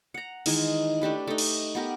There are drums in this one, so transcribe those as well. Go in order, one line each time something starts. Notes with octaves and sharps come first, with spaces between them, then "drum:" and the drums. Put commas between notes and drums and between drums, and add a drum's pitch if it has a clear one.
F#5 A#5
D#3 E3 G#3 D#4, drum: cymbal
A3 D4 G4 B4
A3 D#4
drum: cymbal
B3 G4 A#4